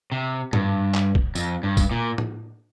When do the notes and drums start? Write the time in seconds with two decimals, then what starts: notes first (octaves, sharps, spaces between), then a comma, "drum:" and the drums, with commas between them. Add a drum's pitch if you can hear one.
0.12 C3
0.53 G2, drum: tom G#2
0.94 drum: clap
1.15 drum: kick
1.35 F2, drum: tambourine
1.63 G2
1.77 drum: kick, tambourine
1.91 A#2
2.18 drum: tom